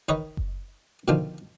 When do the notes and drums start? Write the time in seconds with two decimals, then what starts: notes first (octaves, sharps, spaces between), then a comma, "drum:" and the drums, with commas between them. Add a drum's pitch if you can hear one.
0.09 D#3 D#4 B4 C#5 D#5
0.37 drum: kick F#1
1.08 B2 D3 D#3 F3 D4 F4